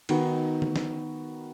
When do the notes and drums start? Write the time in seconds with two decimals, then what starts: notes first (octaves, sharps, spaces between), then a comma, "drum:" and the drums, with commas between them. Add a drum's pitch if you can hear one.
0.09 D#3 B3 D#4 F#4, drum: cymbal
0.62 drum: tom D3
0.76 drum: snare